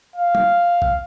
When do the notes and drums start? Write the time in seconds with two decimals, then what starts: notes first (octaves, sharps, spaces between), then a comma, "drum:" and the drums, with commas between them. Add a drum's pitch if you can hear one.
0.16 F5
0.35 drum: tom
0.82 drum: kick